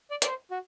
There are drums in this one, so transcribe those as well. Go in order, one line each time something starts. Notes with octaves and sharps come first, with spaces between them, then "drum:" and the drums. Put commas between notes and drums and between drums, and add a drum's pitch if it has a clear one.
D5
D5, drum: hi-hat
C5
F#4